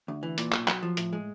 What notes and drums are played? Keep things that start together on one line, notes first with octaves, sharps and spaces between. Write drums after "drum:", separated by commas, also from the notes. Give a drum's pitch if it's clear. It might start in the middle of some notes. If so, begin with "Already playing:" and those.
D2
E3
A#2, drum: hi-hat
B1, drum: clap
F#3, drum: clap
F3
A2, drum: hi-hat
G#3